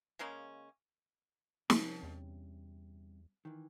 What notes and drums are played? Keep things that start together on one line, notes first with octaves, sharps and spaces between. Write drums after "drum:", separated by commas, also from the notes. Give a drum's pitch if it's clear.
C#3 G#3 A#3 C#4
G2 C3 F3 C#4, drum: snare
E2
D#3 E3